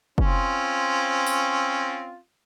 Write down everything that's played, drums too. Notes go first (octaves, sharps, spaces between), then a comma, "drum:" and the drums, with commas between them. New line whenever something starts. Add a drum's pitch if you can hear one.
C4 C#4 F4, drum: kick
drum: tambourine